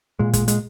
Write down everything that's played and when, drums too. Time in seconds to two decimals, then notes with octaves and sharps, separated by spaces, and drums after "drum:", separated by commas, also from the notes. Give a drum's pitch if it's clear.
0.19 A#2 G#3
0.33 G#3, drum: kick, hi-hat
0.48 G#3, drum: hi-hat